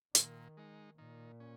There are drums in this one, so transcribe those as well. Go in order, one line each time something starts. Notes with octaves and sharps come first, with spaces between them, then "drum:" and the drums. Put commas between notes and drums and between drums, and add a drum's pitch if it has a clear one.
A#2 D#3, drum: hi-hat
G#3 D#4
A#2 D#3
C#4